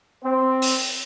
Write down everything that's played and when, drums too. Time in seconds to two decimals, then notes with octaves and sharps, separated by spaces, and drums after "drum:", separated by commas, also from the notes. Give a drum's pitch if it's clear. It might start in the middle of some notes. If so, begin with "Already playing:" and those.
0.22 C4
0.62 drum: open hi-hat